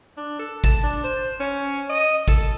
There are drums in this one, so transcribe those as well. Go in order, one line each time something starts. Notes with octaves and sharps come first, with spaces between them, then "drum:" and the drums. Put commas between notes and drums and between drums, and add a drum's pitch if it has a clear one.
D4
A4
A5, drum: kick
D4
C5
C#4
D#5
A4, drum: kick